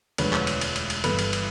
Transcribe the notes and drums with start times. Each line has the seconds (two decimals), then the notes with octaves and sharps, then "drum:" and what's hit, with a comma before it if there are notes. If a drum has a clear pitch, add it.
0.18 E1 D2 D3 F3 G#3 B4 C#5, drum: cymbal
0.33 drum: clap
0.47 drum: cymbal
0.61 drum: cymbal
0.76 drum: cymbal
0.90 drum: cymbal
1.04 G1 G2 E3 A4 B4, drum: cymbal
1.19 drum: cymbal
1.33 drum: cymbal